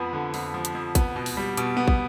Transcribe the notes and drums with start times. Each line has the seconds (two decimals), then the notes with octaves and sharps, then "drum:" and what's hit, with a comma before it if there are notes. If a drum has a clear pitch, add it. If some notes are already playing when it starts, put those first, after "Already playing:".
Already playing: F2 F3 B3 B4
0.13 D3
0.34 F2, drum: open hi-hat
0.54 F3
0.65 drum: hi-hat
0.75 F2
0.95 B3, drum: kick, hi-hat
1.16 B2
1.26 drum: open hi-hat
1.37 G3
1.57 B2, drum: hi-hat
1.77 B3
1.88 drum: kick